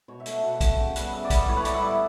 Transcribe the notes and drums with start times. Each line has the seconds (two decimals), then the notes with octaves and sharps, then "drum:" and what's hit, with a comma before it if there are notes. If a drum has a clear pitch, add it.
0.08 B2 C#5
0.20 E5
0.26 A3, drum: hi-hat
0.32 F#5
0.43 B2 F#5
0.55 F#5
0.61 A3, drum: kick, hi-hat
0.78 C#3 G5
0.96 G3 B3 F#5, drum: hi-hat
1.13 C#3 E5
1.24 D5
1.30 G3 B3, drum: kick, hi-hat
1.48 A2 C#5
1.56 B4
1.65 G3 B3 D5, drum: hi-hat
1.74 E5
1.82 A2 D5